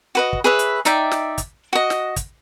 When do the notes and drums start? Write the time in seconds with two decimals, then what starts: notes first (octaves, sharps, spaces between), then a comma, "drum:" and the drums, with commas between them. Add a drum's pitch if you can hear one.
0.15 F#4 B4 D#5
0.33 drum: kick
0.44 G#4 B4 C#5 E5
0.59 drum: hi-hat
0.85 D#4 D5 E5 G5, drum: hi-hat
1.11 drum: snare
1.38 drum: kick, hi-hat
1.73 F#4 D#5
1.90 drum: snare
2.16 drum: kick, hi-hat